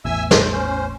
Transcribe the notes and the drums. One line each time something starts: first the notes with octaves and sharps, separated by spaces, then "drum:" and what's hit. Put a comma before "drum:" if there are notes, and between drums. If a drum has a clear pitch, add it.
A1 E2 E5 G#5 E6
C5, drum: snare
C#4 C5